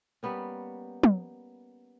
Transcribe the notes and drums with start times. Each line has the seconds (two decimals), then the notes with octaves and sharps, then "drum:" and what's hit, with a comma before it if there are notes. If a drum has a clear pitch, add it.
0.23 G3 A#3 B3 C#4
1.03 drum: tom